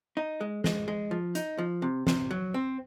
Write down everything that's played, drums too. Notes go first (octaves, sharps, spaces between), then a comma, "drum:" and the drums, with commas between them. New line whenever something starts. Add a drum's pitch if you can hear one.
D#4
G#3
G#3, drum: snare
G#3
F3
D#4, drum: hi-hat
F3
C3
C3, drum: snare
F#3
C4